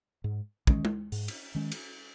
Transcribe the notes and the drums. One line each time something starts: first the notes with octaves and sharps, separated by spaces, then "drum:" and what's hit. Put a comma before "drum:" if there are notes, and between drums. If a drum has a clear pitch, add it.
G#2
D#3 G#3 C#4, drum: kick
drum: tom G#3
G#2, drum: open hi-hat
drum: cymbal
D#3 G#3 C#4
drum: cymbal